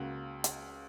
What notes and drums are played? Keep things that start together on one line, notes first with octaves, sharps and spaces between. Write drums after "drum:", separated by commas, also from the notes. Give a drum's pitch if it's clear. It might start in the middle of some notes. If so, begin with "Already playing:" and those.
Already playing: C#2 C#3 A#3 F#4
drum: hi-hat